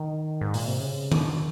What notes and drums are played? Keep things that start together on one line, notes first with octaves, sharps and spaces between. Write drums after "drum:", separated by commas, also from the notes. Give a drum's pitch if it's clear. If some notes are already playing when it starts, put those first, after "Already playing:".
Already playing: D#3
G#2
A#2, drum: open hi-hat
C3
C#3
D#3, drum: tom D#3